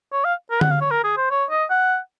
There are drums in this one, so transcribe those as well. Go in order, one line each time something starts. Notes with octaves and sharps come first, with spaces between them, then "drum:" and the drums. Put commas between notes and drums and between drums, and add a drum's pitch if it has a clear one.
C#5
F5
A#4
F#5, drum: tom D3
F5
C#5
A#4
G#4
C5
C#5
D#5
F#5